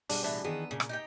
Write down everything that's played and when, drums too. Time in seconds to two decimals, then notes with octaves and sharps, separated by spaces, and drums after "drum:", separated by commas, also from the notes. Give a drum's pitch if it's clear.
0.10 B2 G3 D4 G#4, drum: open hi-hat
0.24 A2 E3 D4
0.44 D#3 E3 B3 G#4
0.71 A#2 C#3
0.80 drum: rim click
0.89 D#4 G4 G5